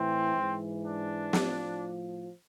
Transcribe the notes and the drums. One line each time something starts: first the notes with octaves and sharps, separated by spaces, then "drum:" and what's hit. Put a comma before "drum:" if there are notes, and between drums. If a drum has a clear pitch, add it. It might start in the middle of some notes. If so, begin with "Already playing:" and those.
Already playing: A2 E3 C4
G#2 E3
D4
A2 F3, drum: snare